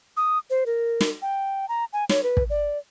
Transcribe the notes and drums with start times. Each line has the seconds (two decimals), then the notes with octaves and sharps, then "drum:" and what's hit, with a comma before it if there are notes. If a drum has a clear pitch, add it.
0.17 D#6
0.50 C5
0.66 A#4
1.01 drum: snare
1.22 G5
1.69 A#5
1.93 G#5
2.10 C#5, drum: snare
2.23 B4
2.37 drum: kick
2.50 D5